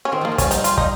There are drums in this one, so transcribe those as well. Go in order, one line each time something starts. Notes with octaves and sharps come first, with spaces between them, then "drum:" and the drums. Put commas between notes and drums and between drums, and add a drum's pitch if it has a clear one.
C#4
D#3 C4
F3 A#3
F3
G3 C#4, drum: kick, hi-hat
D#4, drum: hi-hat
F4, drum: hi-hat
D#4, drum: kick